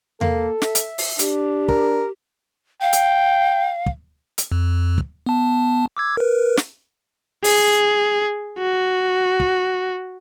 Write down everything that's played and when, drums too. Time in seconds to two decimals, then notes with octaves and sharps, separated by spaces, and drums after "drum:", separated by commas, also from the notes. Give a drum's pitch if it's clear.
0.21 A#3 A4, drum: tom E2
0.62 E5, drum: snare
0.75 drum: hi-hat
0.98 drum: open hi-hat
1.19 D4 G4, drum: hi-hat
1.69 A#4, drum: kick
2.82 F5 G5
2.93 drum: hi-hat
3.86 drum: kick
4.38 drum: hi-hat
4.52 F2
4.98 drum: kick
5.26 B3 A5
5.97 D6 E6 G#6
6.17 A#4 B4
6.57 drum: snare
7.44 G#4, drum: open hi-hat
8.59 F#4
9.40 drum: kick